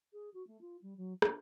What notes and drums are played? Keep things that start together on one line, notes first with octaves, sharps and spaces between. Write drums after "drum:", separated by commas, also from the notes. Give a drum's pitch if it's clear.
G#4
F#4
A3
F4
G3
F#3
D4, drum: rim click